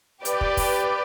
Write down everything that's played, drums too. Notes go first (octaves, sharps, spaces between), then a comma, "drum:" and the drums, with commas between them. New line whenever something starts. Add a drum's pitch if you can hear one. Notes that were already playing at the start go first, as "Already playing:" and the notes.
G4 B4 D5, drum: hi-hat
drum: kick
drum: kick, open hi-hat